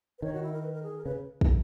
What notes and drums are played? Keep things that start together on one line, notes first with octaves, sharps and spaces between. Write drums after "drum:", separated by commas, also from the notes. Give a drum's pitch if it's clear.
B4
D#3 C#5
F#4
E4
A#4
B4
A#4
G#4
A#4
C#3 B4
drum: kick